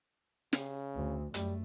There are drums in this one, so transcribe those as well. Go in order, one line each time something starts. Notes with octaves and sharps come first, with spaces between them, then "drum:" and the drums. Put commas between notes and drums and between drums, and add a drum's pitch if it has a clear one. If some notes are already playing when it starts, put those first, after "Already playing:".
C#3, drum: snare
D2
F#2 G3 A3, drum: hi-hat